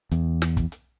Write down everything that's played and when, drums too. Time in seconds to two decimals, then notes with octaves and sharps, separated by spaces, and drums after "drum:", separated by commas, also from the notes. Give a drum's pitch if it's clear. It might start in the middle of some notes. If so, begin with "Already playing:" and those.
0.12 E2, drum: hi-hat
0.42 drum: snare
0.57 drum: kick, hi-hat
0.72 drum: hi-hat